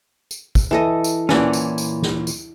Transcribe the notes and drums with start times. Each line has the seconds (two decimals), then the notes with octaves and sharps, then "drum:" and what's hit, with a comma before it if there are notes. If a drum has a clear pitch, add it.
0.31 drum: tambourine
0.55 drum: kick, tambourine
0.71 E3 A4 D#5
1.04 drum: tambourine
1.29 A#2 E3 C#4 D5 F#5 A5, drum: snare
1.53 drum: tambourine
1.78 drum: tambourine
2.02 drum: snare
2.27 drum: tambourine